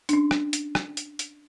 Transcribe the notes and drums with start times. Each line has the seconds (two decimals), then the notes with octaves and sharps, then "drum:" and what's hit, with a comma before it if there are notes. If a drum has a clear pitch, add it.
0.09 C#4 D4, drum: hi-hat
0.31 drum: rim click
0.53 drum: hi-hat
0.75 drum: rim click
0.97 drum: hi-hat
1.19 drum: hi-hat